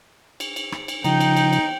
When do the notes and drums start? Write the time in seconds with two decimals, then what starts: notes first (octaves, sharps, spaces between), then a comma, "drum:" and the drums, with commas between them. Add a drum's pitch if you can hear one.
0.40 drum: cymbal
0.56 drum: cymbal
0.72 drum: rim click
0.88 drum: cymbal
1.04 C#3 F3 D#4 G5, drum: cymbal
1.20 drum: cymbal
1.37 drum: cymbal
1.53 drum: cymbal